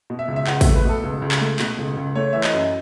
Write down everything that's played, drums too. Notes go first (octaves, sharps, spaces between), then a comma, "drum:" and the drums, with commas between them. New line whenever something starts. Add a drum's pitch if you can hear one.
B2
E5
C#2
E5
C#2 F#5, drum: clap
A3 E5, drum: kick, open hi-hat
B4
B2 A4
C#2
C#2
drum: clap
A3
B2, drum: clap
C#2
C#2
A3 C#5
E3 E5
D#5, drum: clap
F#2